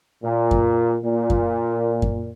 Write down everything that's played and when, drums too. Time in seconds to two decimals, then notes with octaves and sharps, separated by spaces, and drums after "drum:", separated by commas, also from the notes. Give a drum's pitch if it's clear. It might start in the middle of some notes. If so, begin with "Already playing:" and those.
0.24 A#2
0.51 drum: kick F#2
1.04 A#2
1.30 drum: kick F#2
2.02 drum: kick F#2